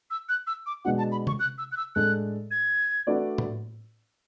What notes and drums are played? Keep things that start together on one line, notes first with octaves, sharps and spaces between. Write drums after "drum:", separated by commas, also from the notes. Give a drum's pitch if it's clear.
E6
F#6
E6
D6
B2 G#3 D4 F#4 F#5
A5
B5
C#6, drum: tom C3
F#6
E6
F#6
E6
A2 G#3 D4 A4 F#6
G#6
A3 D4 F#4 B4 D5
drum: tom A2